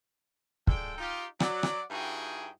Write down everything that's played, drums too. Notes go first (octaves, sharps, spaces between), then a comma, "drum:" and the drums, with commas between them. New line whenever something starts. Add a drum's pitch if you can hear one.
F3 G#3 D4 A4 G5, drum: kick
D#4 F4 G4
F#3 D5 F#5, drum: rim click
drum: rim click
G2 D#4 E4 F#4 G#4 G5